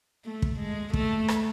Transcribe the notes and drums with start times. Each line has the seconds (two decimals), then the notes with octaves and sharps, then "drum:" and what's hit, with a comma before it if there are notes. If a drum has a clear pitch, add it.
0.25 A3
0.42 drum: kick
0.60 G#3
0.93 A3, drum: kick
1.28 drum: rim click